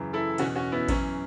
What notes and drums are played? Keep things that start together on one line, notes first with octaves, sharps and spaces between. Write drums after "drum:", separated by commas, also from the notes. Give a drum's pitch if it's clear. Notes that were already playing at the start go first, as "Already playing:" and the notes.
Already playing: F#2 C#3 E3
E4 A4
E2 B2 C#4 F#4, drum: cymbal
C#4 F#4
B3 E4
F#2 E3 C#4, drum: kick A1, cymbal